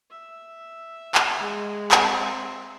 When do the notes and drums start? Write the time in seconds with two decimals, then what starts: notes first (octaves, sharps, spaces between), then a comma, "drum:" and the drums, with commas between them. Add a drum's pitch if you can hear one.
0.11 E5
1.15 drum: clap
1.39 G#3
1.91 C4 E5, drum: clap